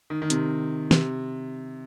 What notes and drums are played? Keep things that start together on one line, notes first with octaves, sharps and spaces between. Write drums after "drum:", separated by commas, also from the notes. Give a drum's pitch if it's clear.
D#3
D#3
C3, drum: hi-hat
C3, drum: snare